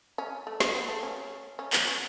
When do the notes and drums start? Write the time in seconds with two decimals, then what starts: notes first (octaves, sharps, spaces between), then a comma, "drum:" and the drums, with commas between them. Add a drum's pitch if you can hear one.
0.18 C#4
0.47 A3
0.60 G#3, drum: snare
0.75 B3
0.88 A3
1.03 C#4
1.59 C#4
1.73 B3, drum: clap
1.87 C#4